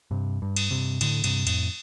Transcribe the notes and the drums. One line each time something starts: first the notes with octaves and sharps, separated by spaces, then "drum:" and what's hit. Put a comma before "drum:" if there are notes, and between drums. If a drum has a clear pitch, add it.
G2 C3
G2
drum: cymbal
G2 C3
A2 D3, drum: cymbal
G2 C3, drum: cymbal
F2 A2, drum: cymbal